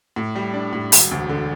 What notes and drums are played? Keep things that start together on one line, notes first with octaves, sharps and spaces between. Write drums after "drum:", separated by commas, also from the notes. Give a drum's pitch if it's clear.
A2
G3
D4
A2
E1, drum: open hi-hat
D2
D3